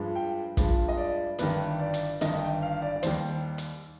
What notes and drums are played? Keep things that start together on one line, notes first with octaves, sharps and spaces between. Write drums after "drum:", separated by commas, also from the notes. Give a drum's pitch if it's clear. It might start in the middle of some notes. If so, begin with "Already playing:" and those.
Already playing: G2 F3 G#3
G5
G2 F3 G#3, drum: kick, hi-hat
D#5
D5
G1 G2 D#3 G3 B4, drum: hi-hat
D5
drum: hi-hat
G1 G2 D#3 G3 D#5, drum: hi-hat
G5
F5
D5
D5
D#2 D#3 G3 C5, drum: hi-hat
drum: hi-hat